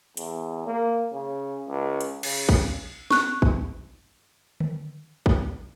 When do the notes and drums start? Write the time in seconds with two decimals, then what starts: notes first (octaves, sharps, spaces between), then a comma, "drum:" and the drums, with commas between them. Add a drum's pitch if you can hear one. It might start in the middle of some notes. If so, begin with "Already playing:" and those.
0.17 E2, drum: hi-hat
0.66 A#3
1.12 C#3
1.68 C#2
2.01 drum: hi-hat
2.23 C#3, drum: cymbal
2.49 drum: kick
3.11 C#6 F#6, drum: snare
3.42 drum: kick
4.60 drum: tom D3
5.26 drum: kick